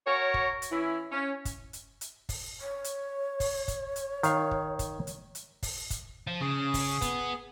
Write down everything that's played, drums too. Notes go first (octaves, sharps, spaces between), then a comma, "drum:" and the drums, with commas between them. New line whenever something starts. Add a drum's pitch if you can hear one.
F#4 A#4 C#5
drum: kick
drum: hi-hat
E3 C#4 E4
C#4
drum: kick, hi-hat
drum: hi-hat
drum: hi-hat
drum: kick, open hi-hat
C#5
drum: hi-hat
drum: kick, open hi-hat
drum: kick, hi-hat
drum: hi-hat
D#3 F5, drum: hi-hat
drum: kick
drum: kick, hi-hat
drum: hi-hat
drum: hi-hat
drum: kick, open hi-hat
drum: kick, hi-hat
F3
C#3 G#4
drum: kick, open hi-hat
B3, drum: kick, hi-hat